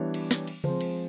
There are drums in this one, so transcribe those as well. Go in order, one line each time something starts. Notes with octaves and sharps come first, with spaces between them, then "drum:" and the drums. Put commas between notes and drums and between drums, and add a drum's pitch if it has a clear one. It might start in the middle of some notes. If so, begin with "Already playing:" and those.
Already playing: E3 G3 B3 D4 C#5
drum: cymbal
drum: snare
drum: cymbal
F3 G#3 C4 C5, drum: tom C#3
drum: cymbal